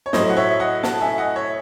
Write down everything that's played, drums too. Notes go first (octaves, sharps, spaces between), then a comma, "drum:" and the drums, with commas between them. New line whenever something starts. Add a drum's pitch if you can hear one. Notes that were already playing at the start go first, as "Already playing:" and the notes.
C#5
A2 F#3 C5 D#5, drum: snare
F#5
C#5 E5
D#5 F#5
F#5 A5, drum: snare
E5 G#5
D#5 F#5
C#5 E5